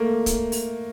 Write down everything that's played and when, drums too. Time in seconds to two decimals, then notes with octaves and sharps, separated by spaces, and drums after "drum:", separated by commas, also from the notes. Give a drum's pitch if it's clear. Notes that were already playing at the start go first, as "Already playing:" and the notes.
Already playing: A3 A#3
0.26 drum: kick, hi-hat
0.52 drum: open hi-hat